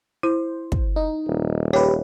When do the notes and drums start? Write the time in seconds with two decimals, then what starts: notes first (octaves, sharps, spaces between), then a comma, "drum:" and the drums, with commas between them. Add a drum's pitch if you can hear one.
0.23 E4 C5
0.72 drum: kick
0.96 D#4
1.27 D#1
1.73 G4 B4 C#5